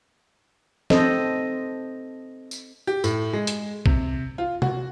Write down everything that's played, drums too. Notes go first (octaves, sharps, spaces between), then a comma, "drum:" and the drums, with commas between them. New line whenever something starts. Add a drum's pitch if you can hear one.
C4 A4 C5 D#5, drum: snare
drum: tambourine
G4
A2, drum: tambourine
G#3
drum: hi-hat
C3, drum: kick B1
F4
F#4, drum: tom C3